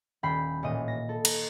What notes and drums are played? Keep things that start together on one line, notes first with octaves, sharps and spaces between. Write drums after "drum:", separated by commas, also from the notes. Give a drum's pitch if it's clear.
D#1 G5 B5 C7
A1 A#2 D#5 D#7
A#6
A4
A#5, drum: cymbal